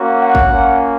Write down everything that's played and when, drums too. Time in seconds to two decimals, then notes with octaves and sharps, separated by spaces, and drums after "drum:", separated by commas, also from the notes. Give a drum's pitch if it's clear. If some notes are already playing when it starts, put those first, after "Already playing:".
Already playing: A#3 C#4 F#4
0.21 F#5
0.35 drum: kick
0.50 A#3 C#4 F4